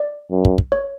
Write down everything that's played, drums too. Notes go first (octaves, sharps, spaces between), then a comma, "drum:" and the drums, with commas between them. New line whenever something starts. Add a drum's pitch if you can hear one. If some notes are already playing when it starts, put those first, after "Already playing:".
Already playing: D5
F#2
drum: kick
drum: kick
C#5